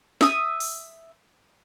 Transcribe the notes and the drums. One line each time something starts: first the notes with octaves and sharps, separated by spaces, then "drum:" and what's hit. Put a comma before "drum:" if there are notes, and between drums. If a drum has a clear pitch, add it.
E5 D#6, drum: snare
drum: open hi-hat